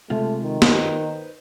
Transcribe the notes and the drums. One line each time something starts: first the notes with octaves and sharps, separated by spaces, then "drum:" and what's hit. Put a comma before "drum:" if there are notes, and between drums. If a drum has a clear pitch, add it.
C3 G#3 A3 F4
D#3
drum: snare
B4 C5 D#5